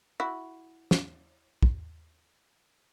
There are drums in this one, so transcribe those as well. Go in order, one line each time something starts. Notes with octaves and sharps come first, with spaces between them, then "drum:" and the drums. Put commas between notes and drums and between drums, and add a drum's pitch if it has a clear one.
E4 F#4
drum: snare
drum: kick